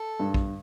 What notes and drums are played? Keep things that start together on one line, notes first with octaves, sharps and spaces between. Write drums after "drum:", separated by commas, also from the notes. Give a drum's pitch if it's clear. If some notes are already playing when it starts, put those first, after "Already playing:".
Already playing: A4
G2
drum: kick A#1